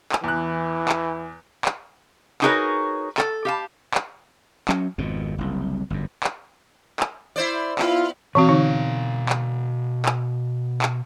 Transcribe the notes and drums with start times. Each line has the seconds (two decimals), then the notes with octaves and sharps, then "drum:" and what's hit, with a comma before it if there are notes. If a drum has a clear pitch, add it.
0.12 drum: clap
0.24 E2 E3 F#6
0.89 drum: clap
1.65 drum: clap
2.42 D#4 F#4 G#4 A#4 B4 C#5, drum: clap
3.18 A4, drum: clap
3.45 G4 F5 A5
3.94 drum: clap
4.69 F#3 C#4, drum: clap
4.98 G#1 F2 B2
5.38 F#1 C2
5.90 G1 F#2
6.24 drum: clap
7.00 drum: clap
7.36 E4 C5 D5
7.79 B3 E4 F4, drum: clap
8.35 B2 E3 C4 F#4 F5
8.49 D3 D#4
9.29 drum: clap
10.06 drum: clap
10.82 drum: clap